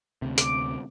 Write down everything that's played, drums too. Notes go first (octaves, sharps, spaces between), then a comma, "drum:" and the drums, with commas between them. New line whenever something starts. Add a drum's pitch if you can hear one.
D2 C3
D6, drum: hi-hat